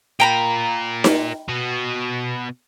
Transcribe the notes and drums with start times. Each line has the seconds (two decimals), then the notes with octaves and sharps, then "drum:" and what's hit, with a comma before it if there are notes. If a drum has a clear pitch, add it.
0.20 F4 A#4 G5 A#5 B5
1.04 drum: snare D#4
1.49 B2 F#4